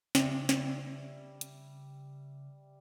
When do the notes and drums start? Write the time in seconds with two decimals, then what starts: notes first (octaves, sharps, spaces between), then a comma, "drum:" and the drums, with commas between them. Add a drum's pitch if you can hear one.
0.15 C#3 G3 E5, drum: snare
0.49 drum: snare
1.41 drum: hi-hat